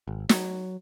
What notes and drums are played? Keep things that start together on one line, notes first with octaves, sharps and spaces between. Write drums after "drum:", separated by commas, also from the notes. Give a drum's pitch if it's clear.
G#1
F#3, drum: snare